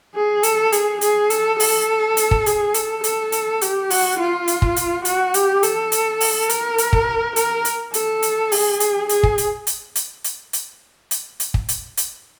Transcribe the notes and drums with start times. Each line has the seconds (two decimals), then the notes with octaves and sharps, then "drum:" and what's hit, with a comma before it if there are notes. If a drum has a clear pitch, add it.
0.15 G#4
0.43 A4, drum: hi-hat
0.72 G#4, drum: hi-hat
1.01 G#4, drum: hi-hat
1.30 A4, drum: hi-hat
1.60 A4, drum: open hi-hat
2.17 drum: hi-hat
2.31 drum: kick
2.46 G#4, drum: hi-hat
2.74 A4, drum: hi-hat
3.04 A4, drum: hi-hat
3.32 drum: hi-hat
3.61 G4, drum: hi-hat
3.90 F#4, drum: open hi-hat
4.19 F4
4.48 drum: hi-hat
4.62 drum: kick
4.76 drum: hi-hat
5.05 F#4, drum: hi-hat
5.34 G4, drum: hi-hat
5.63 A4, drum: hi-hat
5.92 drum: hi-hat
6.21 drum: open hi-hat
6.49 A#4, drum: hi-hat
6.78 drum: hi-hat
6.93 drum: kick
7.36 A#4, drum: hi-hat
7.65 drum: hi-hat
7.94 A4, drum: hi-hat
8.22 drum: hi-hat
8.52 G#4, drum: open hi-hat
8.80 drum: hi-hat
9.09 G#4, drum: hi-hat
9.23 drum: kick
9.38 drum: hi-hat
9.67 drum: hi-hat
9.96 drum: hi-hat
10.24 drum: hi-hat
10.53 drum: hi-hat
11.11 drum: hi-hat
11.40 drum: hi-hat
11.54 drum: kick
11.69 drum: hi-hat
11.97 drum: hi-hat